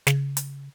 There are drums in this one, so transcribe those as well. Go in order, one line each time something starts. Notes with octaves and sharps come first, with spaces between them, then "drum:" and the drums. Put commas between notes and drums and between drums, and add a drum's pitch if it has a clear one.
C#3, drum: snare
drum: hi-hat